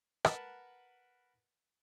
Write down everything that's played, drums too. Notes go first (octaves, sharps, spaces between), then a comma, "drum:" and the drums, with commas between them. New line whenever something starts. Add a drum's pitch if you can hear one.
A#4 B4 F#5 A5, drum: rim click